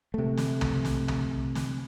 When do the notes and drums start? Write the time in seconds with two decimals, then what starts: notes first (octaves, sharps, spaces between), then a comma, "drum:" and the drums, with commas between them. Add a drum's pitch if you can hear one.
0.14 C3 A3
0.37 drum: snare
0.61 drum: tom
0.85 drum: snare
1.08 drum: tom
1.55 drum: snare